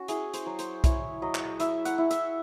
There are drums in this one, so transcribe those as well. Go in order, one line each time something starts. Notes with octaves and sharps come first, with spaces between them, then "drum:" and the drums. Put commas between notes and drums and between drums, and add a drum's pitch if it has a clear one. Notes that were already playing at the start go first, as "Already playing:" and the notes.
Already playing: C#4 F#4
E4 G#4, drum: hi-hat
C5, drum: hi-hat
F#3
C5, drum: hi-hat
E4 C#5, drum: kick, hi-hat
F#3 D#5
drum: clap
E4 E5, drum: hi-hat
F#5, drum: hi-hat
E4
E5, drum: hi-hat